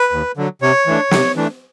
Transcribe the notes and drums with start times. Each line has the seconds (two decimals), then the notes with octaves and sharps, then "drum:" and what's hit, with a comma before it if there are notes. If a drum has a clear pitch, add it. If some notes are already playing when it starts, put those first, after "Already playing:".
Already playing: B4
0.12 D#2
0.37 D3 F#3
0.62 C3 C#5
0.87 E3 A3 D4
1.11 C3, drum: snare
1.36 E3 A3 D4